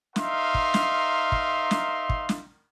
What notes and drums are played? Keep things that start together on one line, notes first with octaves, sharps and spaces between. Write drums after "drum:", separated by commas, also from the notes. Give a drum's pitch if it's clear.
D#4 A#4 E5 F5 C6, drum: snare
drum: kick
drum: snare
drum: kick
drum: snare
drum: kick
drum: snare